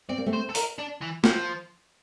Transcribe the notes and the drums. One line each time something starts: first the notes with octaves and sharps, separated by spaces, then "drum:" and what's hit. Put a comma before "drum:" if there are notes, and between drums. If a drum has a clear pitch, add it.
C4 D5
A#3
A3 C4
C5
A4
A#4, drum: open hi-hat
D4
E3
F3, drum: snare